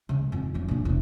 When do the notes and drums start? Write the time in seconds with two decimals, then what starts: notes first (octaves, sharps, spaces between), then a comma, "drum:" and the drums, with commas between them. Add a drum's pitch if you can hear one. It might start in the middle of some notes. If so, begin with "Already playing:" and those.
0.09 C#3 G#3
0.32 F2 D#3
0.54 F#3 C#4
0.68 A#1 B2
0.85 E1 C2, drum: kick